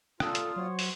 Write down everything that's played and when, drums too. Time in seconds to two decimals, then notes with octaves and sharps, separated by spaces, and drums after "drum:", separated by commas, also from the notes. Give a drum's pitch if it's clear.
0.20 A#2 F4 A4 D#6, drum: rim click
0.35 drum: hi-hat
0.56 F#3 F#4 C5 C#5
0.79 drum: open hi-hat